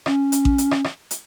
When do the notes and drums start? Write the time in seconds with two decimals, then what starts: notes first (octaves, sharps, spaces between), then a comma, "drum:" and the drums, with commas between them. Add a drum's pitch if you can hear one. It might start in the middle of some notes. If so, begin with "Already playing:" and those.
0.06 C#4, drum: rim click
0.32 drum: hi-hat
0.45 drum: kick A1
0.58 drum: hi-hat
0.71 drum: rim click
0.84 drum: rim click
1.11 drum: hi-hat